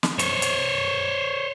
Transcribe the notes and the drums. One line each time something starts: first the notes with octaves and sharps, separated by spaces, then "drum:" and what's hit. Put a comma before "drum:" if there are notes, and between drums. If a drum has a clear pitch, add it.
drum: snare
C5 C#5, drum: hi-hat
drum: hi-hat